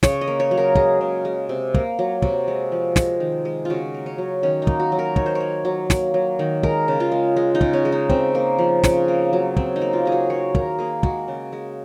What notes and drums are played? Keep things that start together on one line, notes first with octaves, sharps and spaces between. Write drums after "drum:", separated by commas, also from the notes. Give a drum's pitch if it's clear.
C#3 C#5, drum: snare
D#5
A#3
C#5
F#3
A#4
G#3 G#4, drum: kick
C#3
G#3
C3
A#3, drum: kick
F#3
C3 F#4, drum: kick
G#3
F3
G#3, drum: snare
D#3
G#3
C#3 F4 F#4
A#3
C#4
F#3
D#3 C#4
D#4
A#3, drum: kick
F#4
F#3
A#4
D#3 C#5, drum: kick
C5
C#5
A#3
F#3
A#3, drum: snare
F#3
D#3
G#3 A#4, drum: kick
C#3
F4
G#3
G#3
D#4
C#3, drum: kick
C#4
G#3
D#4
C#3 C4, drum: kick
A#3
F3
C#3, drum: snare
A#3
F#3
C#3 C4, drum: kick
D#4
A#3
F4
F#3 G#4
F#4
A#3 C#5
D#3 A#4, drum: kick
A#3 G#4
G#3 F#4, drum: kick
C#3
G#3